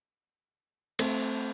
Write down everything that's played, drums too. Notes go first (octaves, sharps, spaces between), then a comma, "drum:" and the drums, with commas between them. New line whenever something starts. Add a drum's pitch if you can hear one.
A3 C4, drum: cymbal